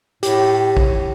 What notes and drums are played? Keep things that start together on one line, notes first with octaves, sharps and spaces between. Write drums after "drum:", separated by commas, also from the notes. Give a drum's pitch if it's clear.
A2 G4, drum: hi-hat
drum: kick